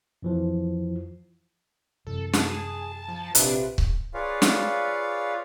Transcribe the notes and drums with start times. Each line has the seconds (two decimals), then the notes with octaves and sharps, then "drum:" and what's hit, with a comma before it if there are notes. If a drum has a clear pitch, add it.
0.22 F2 E3 F3
2.07 F#2 C3 E3 A4
2.33 G#4 A5, drum: snare
3.08 F3
3.35 A#1 C3 C4 D4 F4 B4, drum: hi-hat
3.78 drum: kick C#1
4.14 F4 G#4 B4 C#5 D5 F5
4.42 drum: snare